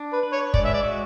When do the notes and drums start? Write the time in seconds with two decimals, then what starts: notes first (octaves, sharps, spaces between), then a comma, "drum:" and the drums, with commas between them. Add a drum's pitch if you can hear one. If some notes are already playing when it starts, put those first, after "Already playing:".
Already playing: D4
0.13 B4
0.23 B4
0.33 C#5
0.54 G#3 D5, drum: kick
0.65 E5
0.74 D5
0.83 F#4